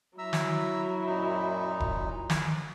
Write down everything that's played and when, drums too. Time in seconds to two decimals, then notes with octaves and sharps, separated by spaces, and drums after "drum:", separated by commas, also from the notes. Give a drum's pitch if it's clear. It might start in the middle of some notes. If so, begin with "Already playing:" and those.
0.18 F#3 E4 E5 A#5 E6
0.33 drum: snare
1.07 F#2 A#2 D#4
1.80 drum: kick E1
2.30 drum: snare